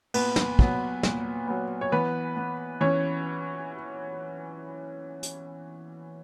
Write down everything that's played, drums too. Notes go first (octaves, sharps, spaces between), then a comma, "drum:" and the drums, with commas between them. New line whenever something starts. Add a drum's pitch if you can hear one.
A#2 B3 B4, drum: cymbal
drum: snare
F#3 B3, drum: kick
A#2, drum: snare
F#3 B3
C#5
E3 B3 B4
B3
E3 C#4 C#5
drum: hi-hat